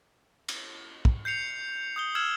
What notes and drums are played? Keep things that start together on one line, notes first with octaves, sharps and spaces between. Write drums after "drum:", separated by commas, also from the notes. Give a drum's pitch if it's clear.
drum: cymbal
drum: kick
G6 C7 C#7 F7
D#6 G6 G7
E6 F6 G#6 E7 F#7